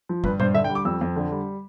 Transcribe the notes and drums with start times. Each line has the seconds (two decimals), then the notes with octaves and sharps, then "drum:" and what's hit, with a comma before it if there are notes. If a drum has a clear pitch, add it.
0.09 F3
0.24 G2 B4, drum: kick
0.40 G2 C5, drum: tom A#2
0.54 D3 E5
0.64 G5
0.70 G3
0.75 D6
0.85 F2 E6
1.01 F2
1.16 D3
1.31 G3